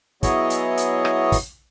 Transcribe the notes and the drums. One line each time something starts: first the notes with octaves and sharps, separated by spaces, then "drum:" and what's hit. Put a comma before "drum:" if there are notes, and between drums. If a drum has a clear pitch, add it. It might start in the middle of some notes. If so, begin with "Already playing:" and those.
F#3 B3 E4 G#4 C#5 D#5, drum: kick, hi-hat
drum: hi-hat
drum: hi-hat
drum: rim click
drum: kick, open hi-hat